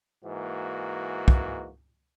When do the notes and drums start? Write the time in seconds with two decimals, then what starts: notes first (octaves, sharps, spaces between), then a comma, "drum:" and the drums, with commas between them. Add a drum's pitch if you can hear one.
0.25 G#2 E3 A#3 F#4
1.28 drum: kick